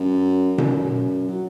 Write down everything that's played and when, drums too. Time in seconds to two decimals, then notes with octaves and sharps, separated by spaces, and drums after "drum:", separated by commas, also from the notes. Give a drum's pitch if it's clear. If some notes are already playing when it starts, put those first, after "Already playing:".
Already playing: F#2
0.58 F#2, drum: tom B2
1.29 F#3